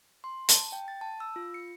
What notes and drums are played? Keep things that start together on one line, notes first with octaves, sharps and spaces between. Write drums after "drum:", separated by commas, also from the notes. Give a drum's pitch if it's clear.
C6
A5, drum: hi-hat
G5
A6
A5
E6
F4
C#7